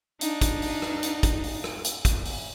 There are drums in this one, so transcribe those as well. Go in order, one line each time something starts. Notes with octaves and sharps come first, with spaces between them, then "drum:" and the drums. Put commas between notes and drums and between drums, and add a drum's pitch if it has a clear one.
D4 D#4, drum: hi-hat
drum: kick, hi-hat
drum: open hi-hat
drum: rim click
drum: hi-hat
drum: kick, hi-hat
drum: open hi-hat
drum: rim click
drum: hi-hat
drum: kick, hi-hat
drum: open hi-hat